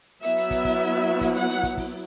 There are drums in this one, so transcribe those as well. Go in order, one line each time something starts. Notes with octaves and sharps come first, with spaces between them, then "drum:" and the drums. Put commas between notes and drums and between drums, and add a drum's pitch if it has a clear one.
F#3 B3 E4 E5, drum: hi-hat
drum: hi-hat
drum: kick, hi-hat
drum: kick, open hi-hat
drum: kick, hi-hat
F#5, drum: hi-hat
drum: hi-hat
drum: kick, hi-hat
drum: kick, open hi-hat